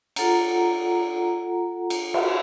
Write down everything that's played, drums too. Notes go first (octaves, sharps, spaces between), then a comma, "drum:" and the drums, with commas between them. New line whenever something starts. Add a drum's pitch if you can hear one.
F4 A4 F#5 A#5, drum: cymbal
drum: cymbal
drum: cymbal